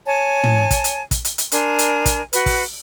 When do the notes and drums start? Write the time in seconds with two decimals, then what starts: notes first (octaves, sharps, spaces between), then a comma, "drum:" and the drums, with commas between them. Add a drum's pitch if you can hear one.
0.06 C#5 G#5 A5
0.44 drum: tom
0.71 drum: kick, hi-hat
0.84 drum: hi-hat
1.11 drum: kick, hi-hat
1.25 drum: hi-hat
1.38 drum: hi-hat
1.52 D4 A#4 G#5 C6, drum: hi-hat
1.79 drum: hi-hat
2.06 drum: kick, hi-hat
2.33 F#4 B4, drum: hi-hat
2.46 drum: kick, open hi-hat